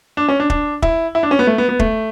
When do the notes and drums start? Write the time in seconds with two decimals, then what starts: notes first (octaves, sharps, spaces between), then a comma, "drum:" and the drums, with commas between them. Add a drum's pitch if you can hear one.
0.17 D4
0.29 C#4
0.40 D4
0.50 D4, drum: kick
0.82 E4, drum: kick
1.15 E4
1.23 D4
1.31 C#4
1.39 B3
1.47 A3
1.58 B3
1.69 B3
1.79 A3, drum: kick